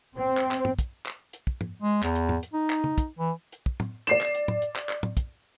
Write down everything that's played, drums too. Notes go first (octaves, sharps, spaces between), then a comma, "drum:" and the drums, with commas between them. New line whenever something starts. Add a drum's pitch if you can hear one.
C4
drum: clap
drum: clap
drum: tom
drum: kick, hi-hat
drum: clap
drum: hi-hat
drum: kick
drum: tom
G#3
E2, drum: clap
drum: hi-hat
drum: tom
drum: hi-hat
D#4
drum: clap
drum: tom
drum: kick, hi-hat
E3
drum: hi-hat
drum: kick
drum: tom
D5 C7 E7, drum: hi-hat
drum: clap
drum: hi-hat
drum: tom
drum: hi-hat
drum: clap
drum: clap
drum: tom
drum: kick, hi-hat